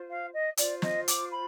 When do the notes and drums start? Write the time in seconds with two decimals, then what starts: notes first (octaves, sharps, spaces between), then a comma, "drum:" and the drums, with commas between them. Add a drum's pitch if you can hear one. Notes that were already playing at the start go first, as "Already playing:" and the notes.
Already playing: F4 C5
0.09 F5
0.33 D#5
0.57 F4 C5 D5, drum: hi-hat
0.82 D#5, drum: snare
1.08 D6, drum: hi-hat
1.32 B5